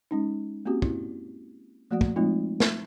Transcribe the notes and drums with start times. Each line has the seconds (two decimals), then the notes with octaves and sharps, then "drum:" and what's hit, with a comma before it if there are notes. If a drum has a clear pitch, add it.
0.11 G#3 C#4 D#4
0.66 A#3 C4 C#4 F#4 G4
0.82 E4, drum: kick
1.91 F3 A3 A#3 F#4 D5 F#5
2.01 drum: kick
2.16 F3 G#3 A3 C4 D#4 F4
2.60 drum: snare